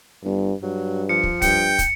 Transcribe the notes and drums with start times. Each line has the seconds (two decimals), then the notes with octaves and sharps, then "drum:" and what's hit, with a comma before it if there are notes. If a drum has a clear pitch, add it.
0.24 G1 G2
0.63 G2 F#3
1.09 F3 C#7
1.23 drum: kick
1.42 G2 G5 C#7, drum: kick, hi-hat
1.79 drum: kick, hi-hat